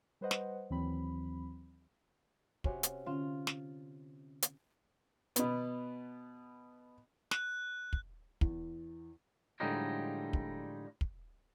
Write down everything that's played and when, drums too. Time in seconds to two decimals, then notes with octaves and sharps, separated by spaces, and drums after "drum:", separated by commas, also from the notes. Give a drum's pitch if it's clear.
0.21 G3 B4 C5 D#5 F#5
0.31 drum: snare
0.70 D#2 E3 F#3 C4 B5
2.64 C3 C#4 F#4, drum: kick
2.83 drum: hi-hat
3.06 D3 C#4 F4
3.47 drum: snare
4.42 drum: hi-hat
5.36 B2 B3, drum: hi-hat
7.31 F#6, drum: snare
7.93 drum: kick
8.41 E2, drum: kick
9.60 A2 D3 F3 G3 G#3 D#4
10.33 drum: kick
11.01 drum: kick